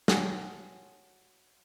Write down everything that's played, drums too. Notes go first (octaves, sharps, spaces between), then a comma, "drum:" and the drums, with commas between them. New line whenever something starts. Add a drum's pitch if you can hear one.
F#4 C#5 F#5 G#5 A5 D#6, drum: snare